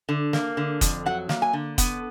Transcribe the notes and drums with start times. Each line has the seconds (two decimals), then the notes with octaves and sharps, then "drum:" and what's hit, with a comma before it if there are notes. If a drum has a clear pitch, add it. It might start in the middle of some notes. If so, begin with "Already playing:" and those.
0.09 D3
0.33 A#3, drum: snare
0.57 D3
0.81 F2, drum: kick, hi-hat
1.06 F#3 F#5
1.29 A#3, drum: snare
1.42 G#5
1.53 D3
1.78 B3, drum: kick, hi-hat